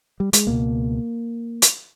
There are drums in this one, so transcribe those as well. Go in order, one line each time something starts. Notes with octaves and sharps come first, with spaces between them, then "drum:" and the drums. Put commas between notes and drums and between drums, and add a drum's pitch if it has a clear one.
G3
G#3, drum: hi-hat
C#2 B2 A#3
drum: hi-hat